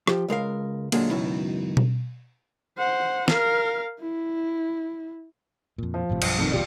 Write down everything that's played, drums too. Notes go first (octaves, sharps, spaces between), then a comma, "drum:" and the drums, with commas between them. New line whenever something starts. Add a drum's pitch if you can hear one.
F3 G4, drum: rim click
C#2 G#3 A#4 F5
A#2 D3 F#3 G#3 A#3, drum: cymbal
C#2 F#2 B2 D#3 E4
drum: tom B2
C5 F#5
A#4 F5, drum: snare
E4
F2 A#2
F3
G1 A2 C3
B1 G2, drum: cymbal
F2 D#3
E1 A#1 B2 F4 G4 D5